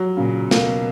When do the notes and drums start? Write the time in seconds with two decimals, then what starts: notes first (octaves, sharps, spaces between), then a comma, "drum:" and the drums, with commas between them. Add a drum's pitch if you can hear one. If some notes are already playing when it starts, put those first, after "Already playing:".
Already playing: F#3
0.17 A#2 C#3
0.51 B2 A#3, drum: snare